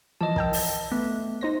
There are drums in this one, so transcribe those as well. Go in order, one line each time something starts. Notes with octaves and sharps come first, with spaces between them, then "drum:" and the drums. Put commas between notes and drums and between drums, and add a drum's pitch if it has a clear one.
E3 F3 D#5 A5
A#4 G5 E6, drum: kick
drum: open hi-hat
A3 B3
D#4 C5 A#6